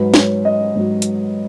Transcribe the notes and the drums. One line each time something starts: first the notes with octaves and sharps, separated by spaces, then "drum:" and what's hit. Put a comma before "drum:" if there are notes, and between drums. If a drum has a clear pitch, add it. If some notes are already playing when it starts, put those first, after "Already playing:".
Already playing: G#2 F#3 B4
C#5, drum: snare
D#5
G#2 F#3
drum: hi-hat